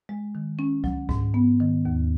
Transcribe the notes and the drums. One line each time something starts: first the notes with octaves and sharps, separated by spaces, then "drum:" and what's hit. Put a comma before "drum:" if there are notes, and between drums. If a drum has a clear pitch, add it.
G#3
D#3
C#4
F#3, drum: kick C#2
G#2, drum: kick C#2
B3
D#3
D#2